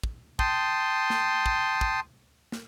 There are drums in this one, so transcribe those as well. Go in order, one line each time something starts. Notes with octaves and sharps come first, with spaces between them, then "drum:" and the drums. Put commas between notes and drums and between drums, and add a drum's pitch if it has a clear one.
drum: kick
G5 A5 C6 D#6, drum: kick
drum: snare
drum: kick
drum: kick
drum: snare